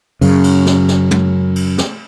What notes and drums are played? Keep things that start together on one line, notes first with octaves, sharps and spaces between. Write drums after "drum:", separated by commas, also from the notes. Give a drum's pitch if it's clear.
F#2 C#3, drum: cymbal
drum: cymbal
drum: snare
drum: snare
drum: tom
drum: cymbal
drum: snare